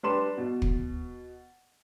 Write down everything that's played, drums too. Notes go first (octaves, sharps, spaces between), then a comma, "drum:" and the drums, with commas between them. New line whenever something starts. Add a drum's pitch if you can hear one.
G3 D4 B4 C6 E7
B2
drum: kick